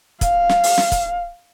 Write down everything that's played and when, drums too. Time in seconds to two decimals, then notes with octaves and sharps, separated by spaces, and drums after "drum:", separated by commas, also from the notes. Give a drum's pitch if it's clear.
0.21 F5, drum: kick, hi-hat
0.49 drum: snare
0.63 drum: open hi-hat
0.78 drum: snare
0.92 drum: kick, hi-hat